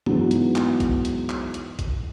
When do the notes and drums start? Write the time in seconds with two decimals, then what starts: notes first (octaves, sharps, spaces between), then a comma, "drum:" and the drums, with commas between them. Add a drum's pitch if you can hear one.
0.06 E3 F#3 G#3 B3 D#4, drum: tom G2
0.31 drum: hi-hat
0.56 drum: clap
0.80 drum: kick A1, hi-hat
1.05 drum: hi-hat
1.30 drum: clap
1.54 drum: hi-hat
1.79 drum: kick A1, hi-hat